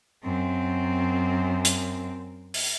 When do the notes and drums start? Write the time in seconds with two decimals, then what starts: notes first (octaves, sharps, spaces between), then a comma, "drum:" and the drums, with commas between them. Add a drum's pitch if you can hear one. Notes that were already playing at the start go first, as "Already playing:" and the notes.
0.23 F#2 C4
1.65 drum: hi-hat
2.54 drum: open hi-hat